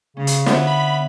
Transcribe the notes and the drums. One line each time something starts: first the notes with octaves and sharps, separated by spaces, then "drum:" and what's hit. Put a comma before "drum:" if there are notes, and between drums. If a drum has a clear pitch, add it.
C#3 C#4
drum: hi-hat
D3 B3 C#5 E5, drum: snare
B5